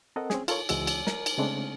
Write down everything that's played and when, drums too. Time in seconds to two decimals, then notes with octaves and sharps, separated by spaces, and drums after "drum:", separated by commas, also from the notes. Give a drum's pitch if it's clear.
0.16 C4 A4 A#4 D#5 F#5
0.30 C4 C#4 G#4, drum: snare
0.48 F4 A4 A#4 C#5, drum: cymbal
0.69 C#2 E3 G#3 F#4 E6, drum: cymbal
0.87 drum: cymbal
1.07 A#4, drum: snare
1.26 drum: cymbal
1.38 C#3 G#3 A3 C4 D4